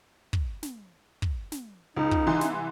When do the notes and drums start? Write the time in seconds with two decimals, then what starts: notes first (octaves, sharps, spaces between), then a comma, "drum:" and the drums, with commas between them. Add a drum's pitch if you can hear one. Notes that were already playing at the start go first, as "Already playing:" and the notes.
0.33 drum: kick
0.63 drum: snare
1.22 drum: kick
1.52 drum: snare
1.96 C#2 D#4
2.11 drum: kick
2.27 C2 E3 C6
2.41 drum: snare